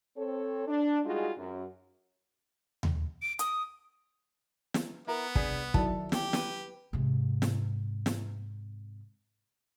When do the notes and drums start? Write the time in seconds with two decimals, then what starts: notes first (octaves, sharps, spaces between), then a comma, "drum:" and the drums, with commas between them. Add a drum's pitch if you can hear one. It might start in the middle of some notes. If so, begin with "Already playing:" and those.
0.17 C4 A4 C#5
0.67 D4
1.05 G3 G#3 D#4 F4 F#4 G#4
1.38 F#2
2.83 drum: tom D#2
3.22 D7
3.39 D#6, drum: hi-hat
4.74 drum: snare
5.07 B3 E4 A#4
5.35 C2 D4 G#4 B6, drum: kick
5.74 D#3 F#3 E4 A4 D5 A5, drum: kick
6.12 G4, drum: snare
6.33 B4, drum: snare
6.93 G#2 C3
7.42 drum: snare
8.06 drum: snare